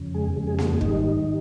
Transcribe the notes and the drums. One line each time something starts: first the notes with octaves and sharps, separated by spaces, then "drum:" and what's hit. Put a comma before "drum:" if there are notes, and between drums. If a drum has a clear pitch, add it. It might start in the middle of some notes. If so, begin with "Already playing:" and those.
Already playing: F2 C#3
G#3 G#4
F2 C#3 G#3
G#3 G#4
G#3 G#4, drum: snare A#3
G#2 D#3 G3 D#4, drum: kick
G3